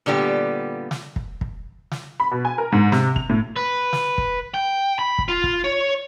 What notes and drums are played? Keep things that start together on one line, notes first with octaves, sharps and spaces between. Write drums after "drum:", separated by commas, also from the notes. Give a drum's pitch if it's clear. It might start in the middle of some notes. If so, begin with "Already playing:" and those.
A#2 D3 G3 B3 G4
drum: snare
drum: kick
drum: kick
drum: snare
B5
B2
G#5
A#4
G#2
C3, drum: snare
F7, drum: kick
A2
B4
drum: snare
drum: kick
G5
B5
drum: kick
F4
drum: kick
C#5